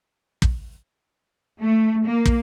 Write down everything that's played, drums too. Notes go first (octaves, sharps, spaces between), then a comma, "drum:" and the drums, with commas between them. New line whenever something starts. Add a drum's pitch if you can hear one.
drum: kick
A3
A#3
drum: kick